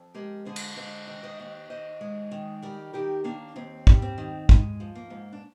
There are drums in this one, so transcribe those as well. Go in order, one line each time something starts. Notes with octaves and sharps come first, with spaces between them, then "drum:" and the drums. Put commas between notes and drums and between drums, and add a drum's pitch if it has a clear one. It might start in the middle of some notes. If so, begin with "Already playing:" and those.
Already playing: F2
G#3 G4 A#4
D3 G#4 C5
drum: cymbal
G#3 C5 D#5
D#3
C5 D#5
D#2
D#2 C5 D#5
G#3
D#3
G3 A#4 D5
D#3 G4 A#4
D#2 A#3 D4
D#2 C4
G3, drum: kick
C4
D#3
G#3, drum: kick
F3
A#3
G#2
D4